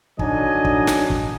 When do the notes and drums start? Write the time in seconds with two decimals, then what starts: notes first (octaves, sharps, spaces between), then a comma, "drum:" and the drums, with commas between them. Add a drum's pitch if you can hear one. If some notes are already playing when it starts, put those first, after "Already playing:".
0.19 D3 F#3 D4 D#4 D#5 G#5, drum: kick
0.65 drum: kick
0.87 drum: snare
1.10 drum: kick